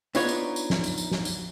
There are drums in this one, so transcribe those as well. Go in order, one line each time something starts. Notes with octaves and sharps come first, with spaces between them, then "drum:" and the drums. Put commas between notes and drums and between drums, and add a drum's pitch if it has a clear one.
B3 D4 D#4 F4 C#5, drum: tambourine
drum: tambourine
drum: tambourine
drum: snare
drum: tambourine
drum: tambourine
drum: snare
drum: tambourine